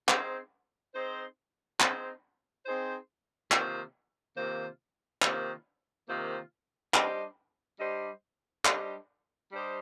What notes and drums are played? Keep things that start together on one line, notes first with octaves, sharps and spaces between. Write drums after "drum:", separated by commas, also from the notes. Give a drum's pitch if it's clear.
C4 D#4 G#4 C5, drum: clap
C4 D#4 G#4 C5
C4 D#4 G#4 C5, drum: clap
C4 D#4 G#4 C5
C3 D#3 A#3 F4 C5, drum: clap
C3 D#3 A#3 F4 C5
C3 D#3 A#3 F4 C5, drum: clap
C3 D#3 A#3 F4 C5
G3 D4 G4 C5 D#5, drum: clap
G3 D4 G4 C5 D#5
G3 D4 G4 C5 D#5, drum: clap
G3 D4 G4 C5 D#5